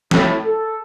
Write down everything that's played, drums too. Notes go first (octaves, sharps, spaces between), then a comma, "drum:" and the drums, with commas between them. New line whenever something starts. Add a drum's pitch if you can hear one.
A2, drum: snare
A4